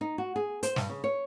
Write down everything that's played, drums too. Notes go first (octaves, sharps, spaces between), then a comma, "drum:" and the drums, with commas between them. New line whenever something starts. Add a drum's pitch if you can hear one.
D#4
F#4
G#4
C5, drum: hi-hat
G2, drum: snare
C#3
C#5